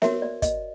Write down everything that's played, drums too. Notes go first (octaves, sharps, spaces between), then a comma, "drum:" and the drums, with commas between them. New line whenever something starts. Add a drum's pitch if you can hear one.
F#4 A#4 C#5 E5, drum: snare B3
D5
D#5, drum: kick, hi-hat